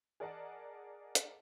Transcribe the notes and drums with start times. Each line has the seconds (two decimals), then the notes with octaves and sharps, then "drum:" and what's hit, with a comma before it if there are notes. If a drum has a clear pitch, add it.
0.20 G#4 A#4 D5 D#5 F#5 A5
1.15 drum: hi-hat